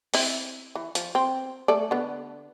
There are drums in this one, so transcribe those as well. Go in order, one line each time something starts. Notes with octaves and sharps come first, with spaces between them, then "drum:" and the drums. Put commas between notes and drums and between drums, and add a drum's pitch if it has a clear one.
C4 E4, drum: open hi-hat
E3
F3, drum: hi-hat
C4
A3 A4 D5
D3 B3